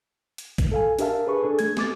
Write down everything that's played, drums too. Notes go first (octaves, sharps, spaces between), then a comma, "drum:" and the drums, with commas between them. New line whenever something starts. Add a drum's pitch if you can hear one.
drum: hi-hat
drum: kick A#1, hi-hat
A4 F5 G#5
D4 G4 A#4 E5 F5 A5, drum: hi-hat
G#4 B4 C#6
D4 G#4 A4
A3 G#6, drum: hi-hat
A3 D6 A6, drum: snare